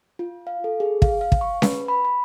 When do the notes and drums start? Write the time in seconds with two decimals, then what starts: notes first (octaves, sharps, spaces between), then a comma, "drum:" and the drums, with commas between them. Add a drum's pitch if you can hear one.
0.19 F4
0.47 F5
0.64 A4
0.80 G#4
1.02 F5, drum: kick
1.21 F5
1.32 drum: kick
1.41 C#6
1.62 B4, drum: snare C#4
1.88 B5
2.05 B5